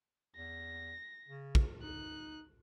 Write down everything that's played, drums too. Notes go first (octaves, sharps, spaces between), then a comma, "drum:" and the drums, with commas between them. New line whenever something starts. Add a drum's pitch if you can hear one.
E2 A#6
C#3
drum: kick
D#4 F#6